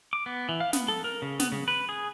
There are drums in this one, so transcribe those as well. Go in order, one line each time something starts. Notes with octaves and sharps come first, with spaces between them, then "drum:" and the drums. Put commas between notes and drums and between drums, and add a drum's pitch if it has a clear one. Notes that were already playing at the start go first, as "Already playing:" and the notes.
D6
B3
E3
F5
B3, drum: snare
A4
A#4
C#3
B3, drum: snare
C#3
B4
G#4